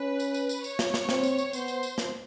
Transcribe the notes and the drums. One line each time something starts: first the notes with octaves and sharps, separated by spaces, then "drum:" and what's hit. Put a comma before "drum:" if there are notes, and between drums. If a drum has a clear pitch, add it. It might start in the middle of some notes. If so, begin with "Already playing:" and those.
Already playing: C#4 B4
drum: tambourine
drum: tambourine
drum: tambourine
C#5, drum: tambourine
drum: snare
drum: snare
C4, drum: snare
drum: tambourine
drum: tambourine
B3 C5, drum: tambourine
drum: tambourine
drum: tambourine
drum: snare